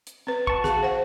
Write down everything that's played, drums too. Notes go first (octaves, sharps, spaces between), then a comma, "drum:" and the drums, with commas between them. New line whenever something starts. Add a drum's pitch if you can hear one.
drum: hi-hat
C4 B4
F#4 A5 C#6, drum: kick
G#4 F5, drum: snare
C5 F#5